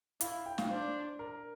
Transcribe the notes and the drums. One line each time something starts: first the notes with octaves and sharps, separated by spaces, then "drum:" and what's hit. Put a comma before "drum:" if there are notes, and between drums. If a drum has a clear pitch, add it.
E4 F5, drum: hi-hat
G5
F5, drum: snare
D4 C5
A#4